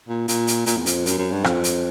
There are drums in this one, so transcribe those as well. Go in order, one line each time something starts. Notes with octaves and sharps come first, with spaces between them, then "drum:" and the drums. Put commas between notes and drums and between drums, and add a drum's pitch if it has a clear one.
A#2
A#2, drum: hi-hat
drum: hi-hat
A#2, drum: hi-hat
E2
F2, drum: hi-hat
F#2, drum: hi-hat
F#2
G2
F2, drum: rim click
drum: hi-hat